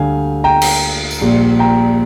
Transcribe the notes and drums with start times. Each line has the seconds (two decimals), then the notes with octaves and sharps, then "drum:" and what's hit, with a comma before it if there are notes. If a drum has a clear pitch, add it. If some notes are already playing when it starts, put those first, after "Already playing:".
Already playing: D2 D3 G3 F5 G#5
0.44 G5 A#5
0.62 drum: cymbal
1.11 drum: tambourine
1.21 A#1 A#2 G3
1.59 G5 A#5